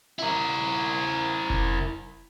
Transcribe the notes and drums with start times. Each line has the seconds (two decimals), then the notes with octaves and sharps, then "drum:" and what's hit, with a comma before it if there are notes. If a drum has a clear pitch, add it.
0.19 E4 A#4
1.50 drum: kick F1